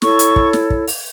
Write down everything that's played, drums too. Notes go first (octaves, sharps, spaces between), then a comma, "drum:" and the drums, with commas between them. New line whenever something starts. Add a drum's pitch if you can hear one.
E4 A4 C#5 C#6, drum: snare
drum: hi-hat
drum: kick
drum: snare
drum: kick
drum: open hi-hat